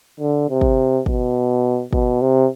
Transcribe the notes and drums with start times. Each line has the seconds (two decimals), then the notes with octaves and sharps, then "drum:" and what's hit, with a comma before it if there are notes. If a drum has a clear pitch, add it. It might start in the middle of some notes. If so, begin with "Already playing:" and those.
0.20 D3
0.49 C3
0.61 drum: kick
1.06 B2, drum: kick
1.93 B2, drum: kick
2.22 C3